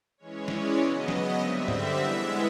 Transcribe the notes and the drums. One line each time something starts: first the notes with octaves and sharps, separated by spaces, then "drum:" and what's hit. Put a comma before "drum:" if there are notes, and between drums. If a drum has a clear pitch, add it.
E3 G#3 C#4 C#5
D5, drum: snare
C#3 F#3 B3 D#5
drum: snare
D3 G3 C4 E5
drum: tom G2
E3 G#3 B3